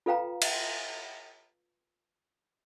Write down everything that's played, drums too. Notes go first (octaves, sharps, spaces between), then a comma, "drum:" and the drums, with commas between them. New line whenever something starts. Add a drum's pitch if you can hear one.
F4 A4 B4 F5 G5 A#5
drum: cymbal